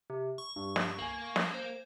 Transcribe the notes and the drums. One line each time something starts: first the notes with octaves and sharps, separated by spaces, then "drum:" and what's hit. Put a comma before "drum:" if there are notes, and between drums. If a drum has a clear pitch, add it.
C3
C#6
G2
drum: snare
A#3 G#5 F#7
drum: snare
C5